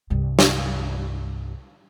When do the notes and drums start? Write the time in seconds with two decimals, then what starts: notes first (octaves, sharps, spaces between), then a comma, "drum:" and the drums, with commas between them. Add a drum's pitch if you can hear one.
0.10 C2 G2
0.39 drum: snare